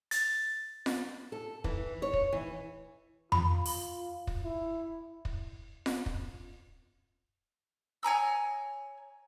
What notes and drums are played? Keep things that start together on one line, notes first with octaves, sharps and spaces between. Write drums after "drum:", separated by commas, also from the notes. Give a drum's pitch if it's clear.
A6, drum: hi-hat
drum: snare F4
A4
E3, drum: kick
C#5
drum: kick
E3
F4 B5, drum: tom F2
drum: open hi-hat
drum: kick
E4
drum: kick
drum: snare F4
drum: kick
C#5 G#5 A#5 E6